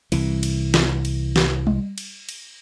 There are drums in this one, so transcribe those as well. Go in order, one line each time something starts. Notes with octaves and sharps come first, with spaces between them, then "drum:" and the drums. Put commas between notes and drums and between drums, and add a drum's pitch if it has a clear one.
C2 E3, drum: cymbal
drum: cymbal
drum: snare
drum: cymbal
drum: snare
drum: tom G3
drum: cymbal
drum: cymbal